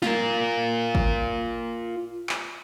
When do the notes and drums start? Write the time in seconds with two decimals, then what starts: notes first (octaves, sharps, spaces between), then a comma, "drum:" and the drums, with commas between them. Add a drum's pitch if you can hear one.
0.02 F4 A#4, drum: snare
0.95 drum: kick
2.29 drum: clap